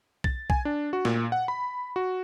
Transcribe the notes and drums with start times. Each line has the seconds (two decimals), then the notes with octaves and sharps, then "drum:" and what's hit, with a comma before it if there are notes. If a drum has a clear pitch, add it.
0.24 A6, drum: kick B1
0.50 G#5, drum: kick B1
0.65 D4
0.93 F#4
1.05 A#2, drum: snare
1.32 F#5
1.48 B5
1.96 F#4